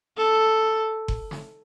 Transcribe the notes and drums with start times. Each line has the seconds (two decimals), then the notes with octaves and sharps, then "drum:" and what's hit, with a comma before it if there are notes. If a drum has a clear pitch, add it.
0.17 A4
1.08 drum: kick F#1
1.31 drum: snare